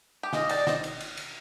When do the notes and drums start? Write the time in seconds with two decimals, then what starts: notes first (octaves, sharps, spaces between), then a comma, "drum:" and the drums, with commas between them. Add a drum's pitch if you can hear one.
0.23 G4
0.33 F4 G#4 D#5, drum: snare
0.49 D#4 G4 D5, drum: cymbal
0.67 C4 D#4 D#5, drum: snare
0.84 drum: cymbal
1.00 drum: cymbal
1.17 drum: cymbal